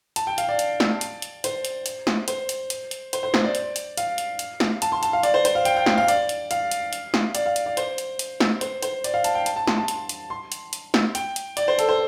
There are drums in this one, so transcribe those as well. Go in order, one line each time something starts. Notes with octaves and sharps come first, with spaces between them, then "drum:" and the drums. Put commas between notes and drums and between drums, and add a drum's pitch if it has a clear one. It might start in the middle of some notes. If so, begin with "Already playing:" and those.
A5, drum: hi-hat
G5
F5, drum: hi-hat
D5
drum: hi-hat
drum: snare
drum: hi-hat
drum: hi-hat
C5, drum: hi-hat
drum: hi-hat
drum: hi-hat
drum: snare
C5, drum: hi-hat
drum: hi-hat
drum: hi-hat
drum: hi-hat
C5, drum: hi-hat
C5
C5, drum: snare
D5
drum: hi-hat
drum: hi-hat
F5, drum: hi-hat
drum: hi-hat
drum: hi-hat
drum: snare
A5, drum: hi-hat
C6
A5, drum: hi-hat
F5
D5, drum: hi-hat
C5
C5, drum: hi-hat
F5
G5, drum: hi-hat
G5
F5, drum: snare
F5
D5, drum: hi-hat
drum: hi-hat
F5, drum: hi-hat
drum: hi-hat
drum: hi-hat
drum: snare
D5, drum: hi-hat
F5
drum: hi-hat
D5
C5, drum: hi-hat
drum: hi-hat
drum: hi-hat
drum: snare
C5, drum: hi-hat
C5, drum: hi-hat
D5, drum: hi-hat
F5
A5, drum: hi-hat
G5
A5, drum: hi-hat
A5
C6, drum: snare
A5
drum: hi-hat
drum: hi-hat
C6
drum: hi-hat
drum: hi-hat
drum: snare
G5, drum: hi-hat
drum: hi-hat
D5, drum: hi-hat
C5
A4, drum: hi-hat
C5